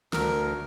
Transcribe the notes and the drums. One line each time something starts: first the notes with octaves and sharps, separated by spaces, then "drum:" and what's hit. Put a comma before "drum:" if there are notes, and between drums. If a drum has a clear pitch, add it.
D2 A#4, drum: snare